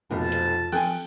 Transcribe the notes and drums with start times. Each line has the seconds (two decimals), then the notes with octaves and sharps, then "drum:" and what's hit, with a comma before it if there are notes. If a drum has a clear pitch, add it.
0.11 F1 B1 F2 A5
0.32 drum: hi-hat
0.72 F3 C4 A4 G5 G#5 F#6, drum: cymbal